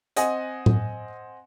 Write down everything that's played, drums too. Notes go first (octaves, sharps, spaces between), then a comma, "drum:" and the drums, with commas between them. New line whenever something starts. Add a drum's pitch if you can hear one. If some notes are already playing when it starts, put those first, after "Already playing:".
C4 D#5 F#5 G#5, drum: hi-hat
drum: tom A2